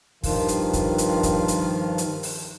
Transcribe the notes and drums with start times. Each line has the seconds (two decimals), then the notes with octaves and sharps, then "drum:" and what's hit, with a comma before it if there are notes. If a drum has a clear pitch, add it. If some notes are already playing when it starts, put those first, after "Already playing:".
0.23 G2 D#3 F3 F4, drum: kick, open hi-hat
0.48 drum: hi-hat
0.73 drum: kick, hi-hat
0.98 drum: hi-hat
1.23 drum: kick, hi-hat
1.48 drum: hi-hat
1.98 drum: hi-hat
2.23 drum: open hi-hat